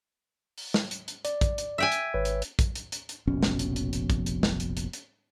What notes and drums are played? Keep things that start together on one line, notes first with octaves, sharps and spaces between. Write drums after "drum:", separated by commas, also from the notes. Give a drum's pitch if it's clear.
drum: open hi-hat
drum: snare
drum: hi-hat
drum: hi-hat
D5, drum: hi-hat
drum: kick, hi-hat
drum: hi-hat
E5 G5 G#5
drum: hi-hat
G#1 B4 C#5
drum: hi-hat
drum: hi-hat
drum: kick, hi-hat
drum: hi-hat
drum: hi-hat
drum: hi-hat
F1 A#1 B2 C#4
drum: snare
drum: hi-hat
drum: hi-hat
drum: hi-hat
drum: kick, hi-hat
drum: hi-hat
drum: snare
drum: hi-hat
drum: hi-hat
drum: hi-hat